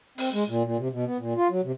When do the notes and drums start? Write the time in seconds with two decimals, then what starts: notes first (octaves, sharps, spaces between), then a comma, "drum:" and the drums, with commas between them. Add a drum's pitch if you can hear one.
0.18 C4, drum: open hi-hat
0.34 G#3
0.48 A#2
0.64 A#2
0.78 C3
0.92 B2
1.05 B3
1.18 A#2
1.36 F4
1.50 F#3
1.64 C3